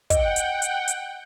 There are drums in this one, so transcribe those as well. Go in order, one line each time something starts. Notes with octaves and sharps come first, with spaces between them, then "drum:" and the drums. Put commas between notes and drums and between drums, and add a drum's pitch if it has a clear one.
D#5 F#5 G5, drum: kick, hi-hat
drum: hi-hat
drum: hi-hat
drum: hi-hat